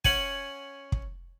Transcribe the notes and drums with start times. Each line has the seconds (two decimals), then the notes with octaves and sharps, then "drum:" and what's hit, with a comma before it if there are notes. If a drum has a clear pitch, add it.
0.05 C#4 F#5 G#5, drum: kick
0.92 drum: kick